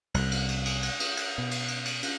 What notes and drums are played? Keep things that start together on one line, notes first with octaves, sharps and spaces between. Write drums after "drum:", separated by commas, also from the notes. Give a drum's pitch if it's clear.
C2, drum: cymbal
drum: cymbal
drum: cymbal
drum: cymbal
drum: cymbal
drum: cymbal
drum: cymbal
B2
drum: cymbal
drum: cymbal
drum: cymbal
drum: cymbal